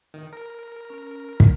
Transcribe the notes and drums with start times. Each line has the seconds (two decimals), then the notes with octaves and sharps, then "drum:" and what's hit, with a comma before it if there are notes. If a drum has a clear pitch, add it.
0.14 D#3
0.33 A#4
0.90 C#4
1.40 drum: kick